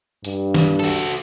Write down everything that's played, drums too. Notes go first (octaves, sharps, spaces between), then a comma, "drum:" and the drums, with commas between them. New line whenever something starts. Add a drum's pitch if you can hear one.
G2, drum: hi-hat
drum: snare
F#4 A4